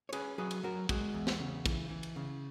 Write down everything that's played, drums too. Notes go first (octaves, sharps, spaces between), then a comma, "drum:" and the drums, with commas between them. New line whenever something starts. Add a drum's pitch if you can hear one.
C#5
C#4 G#4 B4, drum: cymbal
F#3 G#4 B4
drum: cymbal
F#3 F#4 A#4
G#3 F#4, drum: kick, cymbal
E2
drum: snare
C#3
E3, drum: kick, cymbal
E3
drum: cymbal
C#3